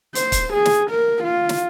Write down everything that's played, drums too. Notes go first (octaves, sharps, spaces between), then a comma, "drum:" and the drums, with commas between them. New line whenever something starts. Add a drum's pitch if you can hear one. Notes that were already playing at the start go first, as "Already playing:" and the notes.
C5, drum: hi-hat
drum: kick, hi-hat
G#4
drum: snare
A#4
F4
drum: snare